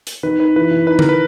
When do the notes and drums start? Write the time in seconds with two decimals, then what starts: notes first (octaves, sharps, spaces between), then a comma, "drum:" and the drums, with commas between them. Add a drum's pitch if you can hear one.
0.07 drum: hi-hat
0.23 D#3 B4
0.40 D#4 B4
0.56 E3 B4
0.71 E3
0.87 D#4 B4
0.99 A#4, drum: tom D#3
1.09 B4